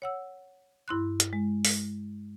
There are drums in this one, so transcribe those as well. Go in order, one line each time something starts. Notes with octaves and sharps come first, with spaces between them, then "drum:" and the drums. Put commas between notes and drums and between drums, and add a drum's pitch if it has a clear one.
C#5 F#5 E6
G2 E4 C6 F#6
drum: hi-hat
G#3
drum: open hi-hat